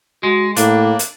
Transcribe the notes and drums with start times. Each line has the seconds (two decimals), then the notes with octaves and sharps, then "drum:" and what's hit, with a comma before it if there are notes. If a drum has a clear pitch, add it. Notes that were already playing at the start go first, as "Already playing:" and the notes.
0.23 G#3 F#4
0.56 A2 A#3 D4, drum: hi-hat
0.99 drum: hi-hat